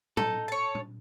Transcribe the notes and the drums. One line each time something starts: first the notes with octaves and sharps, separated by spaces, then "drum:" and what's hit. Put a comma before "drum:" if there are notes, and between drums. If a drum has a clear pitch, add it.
D#4 A4, drum: tom
C#5 A5
drum: tom A#2